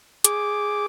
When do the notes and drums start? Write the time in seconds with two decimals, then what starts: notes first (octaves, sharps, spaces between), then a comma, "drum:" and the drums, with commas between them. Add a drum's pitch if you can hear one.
0.24 G#4 D6, drum: hi-hat